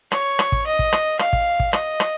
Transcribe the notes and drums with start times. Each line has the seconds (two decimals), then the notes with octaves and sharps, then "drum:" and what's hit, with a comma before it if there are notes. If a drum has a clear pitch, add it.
0.12 C#5, drum: rim click
0.39 drum: rim click
0.52 drum: kick
0.66 D#5
0.79 drum: kick
0.93 drum: rim click
1.19 F5, drum: rim click
1.33 drum: kick
1.60 drum: kick
1.73 D#5, drum: rim click
2.00 drum: rim click